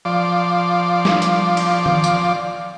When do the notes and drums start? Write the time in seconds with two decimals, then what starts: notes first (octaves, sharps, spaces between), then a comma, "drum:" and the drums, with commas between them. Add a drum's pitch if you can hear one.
0.05 F3 D5
1.05 drum: snare
1.22 drum: hi-hat
1.57 drum: cymbal
1.86 drum: tom D#3
2.04 drum: tambourine